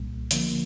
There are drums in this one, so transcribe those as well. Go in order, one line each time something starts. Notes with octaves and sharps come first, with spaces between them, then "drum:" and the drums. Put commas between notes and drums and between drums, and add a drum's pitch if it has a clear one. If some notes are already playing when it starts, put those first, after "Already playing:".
Already playing: C2 A#2 G3 A#3
D3 F3 A#3, drum: hi-hat